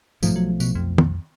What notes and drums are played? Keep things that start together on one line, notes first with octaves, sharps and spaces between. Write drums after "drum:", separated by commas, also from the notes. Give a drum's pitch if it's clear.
B1 G#2 F3 A3, drum: tambourine
F#3
B2, drum: tambourine
F2
drum: tom